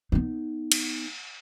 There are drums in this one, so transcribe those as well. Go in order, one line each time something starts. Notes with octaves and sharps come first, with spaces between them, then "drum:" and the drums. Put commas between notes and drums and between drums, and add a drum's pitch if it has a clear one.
B3 D#4
drum: cymbal